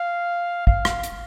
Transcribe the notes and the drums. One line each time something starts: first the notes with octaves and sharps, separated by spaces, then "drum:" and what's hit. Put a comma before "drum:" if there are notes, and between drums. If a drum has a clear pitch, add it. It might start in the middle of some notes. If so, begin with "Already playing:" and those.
Already playing: F5
F5, drum: kick
drum: rim click
drum: hi-hat